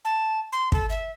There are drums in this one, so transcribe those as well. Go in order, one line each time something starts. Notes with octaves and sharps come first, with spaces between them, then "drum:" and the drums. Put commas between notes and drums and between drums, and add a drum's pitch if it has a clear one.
A5
C6
A4, drum: kick
E5